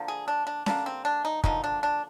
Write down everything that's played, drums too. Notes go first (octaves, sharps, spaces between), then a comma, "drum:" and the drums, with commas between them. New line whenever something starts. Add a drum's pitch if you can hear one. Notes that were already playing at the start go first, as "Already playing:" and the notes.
Already playing: D3 F3 A#3
G#4
D4
D4
D3 G3 A#3 D4, drum: snare C#4
C4
D4
D#4
D3 F3 A#3 D#4, drum: kick
D4
D4